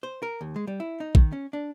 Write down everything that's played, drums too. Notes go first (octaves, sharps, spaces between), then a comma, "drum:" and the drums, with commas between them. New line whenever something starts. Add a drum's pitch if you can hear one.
C5
A#4
D#2
G#3
G3
E4
D#4
D#3, drum: kick
C#4
D4